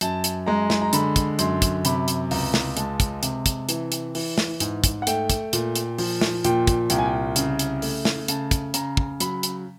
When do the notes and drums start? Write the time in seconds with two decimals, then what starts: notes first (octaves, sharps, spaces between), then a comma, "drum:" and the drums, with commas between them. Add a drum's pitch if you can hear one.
0.01 F#2 A5, drum: hi-hat
0.24 drum: hi-hat
0.46 G#3 A#5
0.70 drum: snare
0.82 A#5
0.93 D3 B5, drum: hi-hat
1.16 drum: kick, hi-hat
1.39 F#2 C6, drum: hi-hat
1.62 drum: kick, hi-hat
1.85 C3 B5, drum: hi-hat
2.08 drum: hi-hat
2.31 C#2 A#5, drum: open hi-hat
2.54 drum: snare
2.77 G#3 A5, drum: hi-hat
3.00 drum: kick, hi-hat
3.23 C3, drum: hi-hat
3.46 drum: kick, hi-hat
3.69 E3, drum: hi-hat
3.92 drum: hi-hat
4.15 E3, drum: open hi-hat
4.38 drum: snare
4.60 G#2, drum: hi-hat
4.84 drum: kick, hi-hat
5.02 F#5
5.07 A3 G5, drum: hi-hat
5.30 drum: kick, hi-hat
5.53 A#2, drum: hi-hat
5.76 drum: hi-hat
5.98 F3, drum: open hi-hat
6.21 drum: snare
6.45 A#2 G5, drum: hi-hat
6.67 drum: kick, hi-hat
6.90 C2 G5, drum: hi-hat
6.99 G#5
7.05 G5
7.36 C#3, drum: hi-hat
7.59 drum: hi-hat
7.82 A3, drum: open hi-hat
8.05 drum: snare
8.28 C#3 A5, drum: hi-hat
8.51 drum: kick, hi-hat
8.74 C#3 A#5, drum: hi-hat
8.97 drum: kick
9.20 F#3 B5, drum: hi-hat
9.43 drum: hi-hat